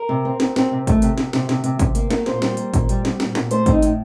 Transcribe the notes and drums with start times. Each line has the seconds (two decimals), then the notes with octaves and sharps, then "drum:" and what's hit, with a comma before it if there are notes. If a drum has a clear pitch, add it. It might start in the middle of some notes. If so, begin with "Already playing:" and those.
Already playing: A#4
0.09 C3
0.25 C4
0.40 C4, drum: snare
0.56 C4, drum: snare
0.71 C3
0.87 A3, drum: kick, hi-hat
1.02 C3, drum: hi-hat
1.18 C3, drum: snare
1.33 C3, drum: snare
1.49 C3, drum: snare
1.64 C3, drum: hi-hat
1.79 C3, drum: kick, hi-hat
1.95 A#3, drum: hi-hat
2.10 A#3, drum: snare
2.26 A#2 C5, drum: snare
2.42 G3, drum: snare
2.57 A#3, drum: hi-hat
2.74 A#2, drum: kick, hi-hat
2.89 G3, drum: hi-hat
3.05 G3, drum: snare
3.20 A#2, drum: snare
3.35 A#2, drum: snare
3.51 A3 C5, drum: hi-hat
3.66 C4 D#4, drum: kick, hi-hat
3.83 A2, drum: hi-hat